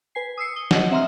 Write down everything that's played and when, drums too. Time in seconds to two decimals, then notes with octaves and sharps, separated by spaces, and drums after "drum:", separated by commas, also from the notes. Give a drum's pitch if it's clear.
0.15 B4 G#5 C7
0.37 D#6 E6 C7 C#7
0.56 D#6 G7
0.71 D#5 F#5, drum: snare
0.91 C4 E5 A#5 C6 D#6 F6